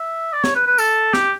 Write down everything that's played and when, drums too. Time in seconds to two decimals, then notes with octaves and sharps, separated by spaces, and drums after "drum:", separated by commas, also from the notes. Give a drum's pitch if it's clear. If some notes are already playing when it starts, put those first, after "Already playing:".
Already playing: E5
0.33 D5
0.44 C#5, drum: snare
0.55 B4
0.67 B4
0.78 A4, drum: tambourine
1.14 G4, drum: snare